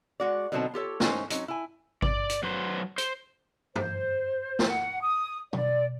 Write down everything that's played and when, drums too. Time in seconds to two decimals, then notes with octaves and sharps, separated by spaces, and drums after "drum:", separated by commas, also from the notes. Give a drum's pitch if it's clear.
0.20 G#3 F#4 D5
0.52 B2 D3 F#3 C4 D#4 A5
0.74 F4 G4 A4 C#5
1.00 G#3 C4 C#4 D#4 C5 G#5, drum: snare
1.30 F#3 C4 C#4 D#4, drum: hi-hat
1.48 E4 G#5
2.02 D5, drum: kick G#1
2.29 drum: hi-hat
2.43 F#3 B4 C5
2.98 C5, drum: hi-hat
3.76 C5, drum: tom
4.59 drum: snare
4.68 F#5
5.02 D#6
5.53 D5, drum: tom B2